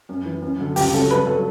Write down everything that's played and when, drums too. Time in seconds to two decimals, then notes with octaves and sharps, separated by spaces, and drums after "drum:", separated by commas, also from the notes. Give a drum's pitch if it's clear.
0.09 F#2
0.25 E3
0.42 F#2
0.59 D3 F#3
0.76 C#2 G4, drum: open hi-hat
0.93 C#3 F#3 A4
1.10 G2 B4
1.27 F#3 A4